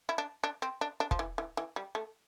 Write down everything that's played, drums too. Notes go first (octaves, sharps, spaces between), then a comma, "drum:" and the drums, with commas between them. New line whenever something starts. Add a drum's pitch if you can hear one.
E4
D4
D4
C4
D4
D4
F3, drum: kick
E3
E3
E3
G3
A3